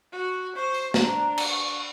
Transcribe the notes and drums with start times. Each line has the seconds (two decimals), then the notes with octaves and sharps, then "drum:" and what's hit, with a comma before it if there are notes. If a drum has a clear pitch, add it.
0.12 F#4
0.56 C5 C#6
0.74 drum: tambourine
0.94 D4 A#5, drum: snare
1.38 drum: cymbal
1.50 C#6